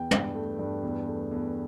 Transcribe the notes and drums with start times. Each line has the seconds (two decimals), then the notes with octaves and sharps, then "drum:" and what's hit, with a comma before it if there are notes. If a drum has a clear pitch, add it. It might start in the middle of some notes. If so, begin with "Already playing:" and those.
Already playing: E2 G5
0.11 G2, drum: tom
0.35 A3
0.59 G2
0.83 E2
1.07 A3
1.31 E2